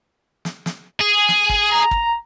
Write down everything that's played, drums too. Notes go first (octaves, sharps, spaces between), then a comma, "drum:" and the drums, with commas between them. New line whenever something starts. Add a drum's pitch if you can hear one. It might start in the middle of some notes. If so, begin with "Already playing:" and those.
drum: snare
drum: snare
G#4
drum: snare
drum: kick
A#5
drum: kick